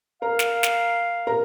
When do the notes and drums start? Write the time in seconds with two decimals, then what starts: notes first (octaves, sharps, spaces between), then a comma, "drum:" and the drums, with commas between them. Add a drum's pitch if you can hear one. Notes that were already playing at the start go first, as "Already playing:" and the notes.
0.22 A#4 F5 A#5
0.39 drum: snare
0.63 drum: snare
1.27 A#4 A#5